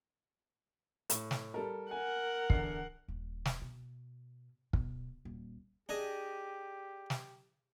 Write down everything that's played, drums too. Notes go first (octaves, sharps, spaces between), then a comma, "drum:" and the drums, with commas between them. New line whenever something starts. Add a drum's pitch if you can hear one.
A2, drum: hi-hat
drum: snare
G3 A4 A#4
A#4 F#5 G#5
E2 D3 C7, drum: kick
D#1
drum: snare
B2
B2, drum: kick
D#1
D4 G4 G#4 D#5
drum: snare